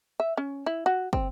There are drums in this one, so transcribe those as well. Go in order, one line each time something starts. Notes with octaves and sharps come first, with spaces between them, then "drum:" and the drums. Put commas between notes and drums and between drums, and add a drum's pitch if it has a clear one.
E5
C#4
E4
F#4
C4, drum: kick